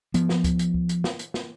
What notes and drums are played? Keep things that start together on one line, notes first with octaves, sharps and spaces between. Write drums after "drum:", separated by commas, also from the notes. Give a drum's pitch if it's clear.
F3 B3, drum: hi-hat
drum: snare
drum: kick C#2, hi-hat
drum: hi-hat
drum: kick C#2
drum: hi-hat
drum: snare
drum: hi-hat
drum: snare